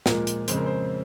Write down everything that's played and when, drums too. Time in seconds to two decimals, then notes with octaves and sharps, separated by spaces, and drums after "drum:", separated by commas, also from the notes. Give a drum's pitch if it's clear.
0.06 A#2 F3 G#3 A#4, drum: snare
0.27 drum: hi-hat
0.48 F2 C#3 G#3 C4 C5, drum: hi-hat
0.57 A#4
0.66 C5